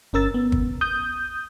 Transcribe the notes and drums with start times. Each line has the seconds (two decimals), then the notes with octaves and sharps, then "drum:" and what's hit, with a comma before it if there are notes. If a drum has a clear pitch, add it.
0.13 G1 C#4 A#4 E6 A6
0.34 B3
0.52 drum: kick
0.81 D#6 G6